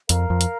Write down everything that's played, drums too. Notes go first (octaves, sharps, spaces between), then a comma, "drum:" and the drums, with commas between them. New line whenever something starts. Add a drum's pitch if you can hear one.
F2 A#4 F5 A#5, drum: hi-hat
F2
drum: hi-hat